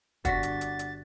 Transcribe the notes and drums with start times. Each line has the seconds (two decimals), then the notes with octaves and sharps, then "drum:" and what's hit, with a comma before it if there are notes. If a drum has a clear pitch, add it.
0.25 G1 D4 F#4 F#5 A6 B6, drum: kick, hi-hat
0.43 drum: hi-hat
0.61 drum: hi-hat
0.79 drum: hi-hat